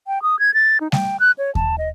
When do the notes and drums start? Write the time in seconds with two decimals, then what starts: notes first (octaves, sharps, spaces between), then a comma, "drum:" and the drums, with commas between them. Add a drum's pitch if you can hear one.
0.07 G5
0.22 D#6
0.39 G#6
0.54 A6
0.81 D#4
0.92 G5, drum: snare G3
1.20 F#6
1.38 C#5
1.55 A5, drum: kick D#2
1.78 D#5